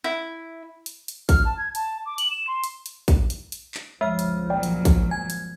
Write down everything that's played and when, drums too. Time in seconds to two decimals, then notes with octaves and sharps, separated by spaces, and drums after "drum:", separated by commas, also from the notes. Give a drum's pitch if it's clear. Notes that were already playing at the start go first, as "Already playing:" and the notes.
0.04 E4
0.86 drum: hi-hat
1.08 drum: hi-hat
1.29 F6, drum: kick, hi-hat
1.45 A5
1.57 G#6
1.75 A5, drum: hi-hat
2.06 D6
2.18 F#7, drum: hi-hat
2.31 E7
2.47 C6
2.64 drum: hi-hat
2.86 drum: hi-hat
3.08 drum: kick, hi-hat
3.30 drum: hi-hat
3.52 drum: hi-hat
3.74 drum: clap
4.01 G1 C#2 F3 G#3 E5 F6
4.19 drum: hi-hat
4.50 A#2 F#3 D5 G5
4.63 drum: hi-hat
4.85 drum: kick, hi-hat
5.11 G#5 G#6
5.30 drum: hi-hat